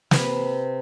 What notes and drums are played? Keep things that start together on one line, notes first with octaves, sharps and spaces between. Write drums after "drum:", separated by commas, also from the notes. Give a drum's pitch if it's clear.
C3 B4, drum: snare